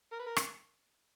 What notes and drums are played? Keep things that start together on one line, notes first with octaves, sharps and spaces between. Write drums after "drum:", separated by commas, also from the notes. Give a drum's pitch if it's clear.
A#4
B4
A#4
drum: rim click